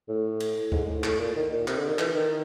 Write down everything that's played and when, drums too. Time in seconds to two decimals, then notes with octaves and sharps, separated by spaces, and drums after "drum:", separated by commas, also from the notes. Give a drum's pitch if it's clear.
0.09 A2
0.40 drum: cymbal
0.72 G#2, drum: kick C#2
0.88 A2
1.04 A2, drum: clap
1.19 A#2
1.36 D#3
1.52 A#2
1.68 C3, drum: clap
1.78 D3
1.89 D#3
1.99 E3, drum: clap
2.15 D#3